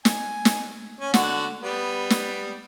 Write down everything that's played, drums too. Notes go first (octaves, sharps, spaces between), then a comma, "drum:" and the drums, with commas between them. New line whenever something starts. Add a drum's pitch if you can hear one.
G#5, drum: snare
drum: snare
C#4
D3 F#4 F#5, drum: snare
G3 B3
drum: snare